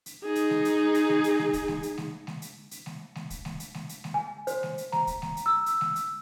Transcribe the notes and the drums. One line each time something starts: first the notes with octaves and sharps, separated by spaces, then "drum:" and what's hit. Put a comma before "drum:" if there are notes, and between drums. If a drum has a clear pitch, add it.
drum: hi-hat
D#4 G#4
drum: hi-hat
drum: snare G#3
drum: hi-hat
drum: hi-hat
drum: snare G#3
drum: hi-hat
drum: snare G#3
drum: kick, hi-hat
drum: snare G#3
drum: hi-hat
drum: snare G#3
drum: snare G#3
drum: hi-hat
drum: hi-hat
drum: snare G#3
drum: snare G#3
drum: kick, hi-hat
drum: snare G#3
drum: hi-hat
drum: snare G#3
drum: hi-hat
drum: snare G#3
G#5
C5, drum: hi-hat
drum: snare G#3
drum: hi-hat
A#5, drum: snare G#3
drum: kick, hi-hat
drum: snare G#3
drum: hi-hat
E6
drum: hi-hat
drum: snare G#3
drum: hi-hat